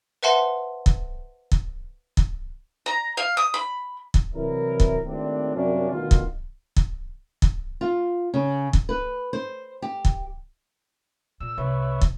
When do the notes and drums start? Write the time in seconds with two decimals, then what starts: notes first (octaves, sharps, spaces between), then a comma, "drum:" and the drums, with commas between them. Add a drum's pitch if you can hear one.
0.23 B4 C5 E5 F#5 A5 C6
0.86 drum: kick
1.52 drum: kick
2.17 drum: kick
2.86 A#5
3.17 F5
3.37 D#6
3.54 B5
4.14 drum: kick
4.34 C2 E3 F#3 E4 A#4
4.80 drum: kick
5.04 G#1 A2 D#3 C4 D4
5.55 F#2 C3 G3 A#3 C#4 D4
5.92 D2 B2 D#3 D#4 F4
6.11 drum: kick
6.76 drum: kick
7.42 drum: kick
7.81 F4
8.34 C#3
8.73 drum: kick
8.89 B4
9.33 C5
9.82 G4
10.05 drum: kick
11.40 A#2 E6
11.58 C2 B4 C#5 E5
12.01 drum: kick